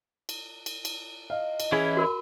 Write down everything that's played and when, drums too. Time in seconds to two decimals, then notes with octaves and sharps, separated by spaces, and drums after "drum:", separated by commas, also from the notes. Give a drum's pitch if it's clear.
0.29 drum: cymbal
0.66 drum: cymbal
0.85 drum: cymbal
1.30 D#5 F5
1.60 drum: cymbal
1.72 E3 C#4 E4 G#4 G#5
1.97 F#4 A#4 B5